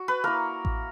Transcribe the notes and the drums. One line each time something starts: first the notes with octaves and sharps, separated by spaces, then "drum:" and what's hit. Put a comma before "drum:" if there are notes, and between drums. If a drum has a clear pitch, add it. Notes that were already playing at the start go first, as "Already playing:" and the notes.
Already playing: F#4
B4
A#3 E4 A#4
drum: kick A1